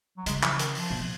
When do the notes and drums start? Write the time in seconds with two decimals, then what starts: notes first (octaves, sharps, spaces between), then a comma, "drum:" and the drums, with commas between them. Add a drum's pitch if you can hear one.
0.18 F#3
0.26 C#3 G#3, drum: hi-hat
0.43 F3, drum: clap
0.59 D#3, drum: hi-hat
0.75 F3, drum: open hi-hat
0.90 B2